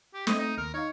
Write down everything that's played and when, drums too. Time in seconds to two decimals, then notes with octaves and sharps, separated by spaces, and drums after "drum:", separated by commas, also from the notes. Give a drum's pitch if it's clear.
0.14 G4
0.27 A3 C4 D#5, drum: snare
0.39 D#4
0.58 D#2 A#4 F6
0.74 D#4 C#5 F5